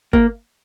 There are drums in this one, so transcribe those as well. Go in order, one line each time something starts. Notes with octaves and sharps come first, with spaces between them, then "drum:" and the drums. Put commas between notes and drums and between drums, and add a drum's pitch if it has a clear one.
A#3, drum: kick G1